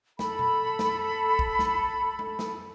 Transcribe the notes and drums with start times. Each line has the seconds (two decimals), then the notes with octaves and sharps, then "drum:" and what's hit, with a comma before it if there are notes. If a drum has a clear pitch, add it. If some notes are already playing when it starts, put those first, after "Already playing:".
0.19 A4 B5, drum: snare
0.39 drum: tom A#2
0.79 drum: snare
1.39 drum: kick
1.59 drum: snare
2.19 drum: tom G#3
2.39 drum: snare